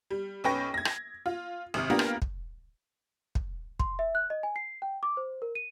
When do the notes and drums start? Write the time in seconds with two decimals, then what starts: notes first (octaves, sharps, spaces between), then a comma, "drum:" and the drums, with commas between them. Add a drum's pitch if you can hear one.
0.11 G3
0.44 B1 C#4 B4 G5 C#6 A#6
0.74 G#6 A#6
0.85 drum: rim click
1.26 F4
1.74 G#1 C3 F6
1.90 A#3 B3 D4 F4 G4 A#4
1.99 drum: rim click
2.22 drum: kick
3.35 drum: kick
3.80 C6, drum: kick
3.99 E5
4.15 F#6
4.30 D#5
4.43 G#5
4.56 C7
4.82 G5
5.03 D6
5.17 C5
5.42 A#4
5.55 D#7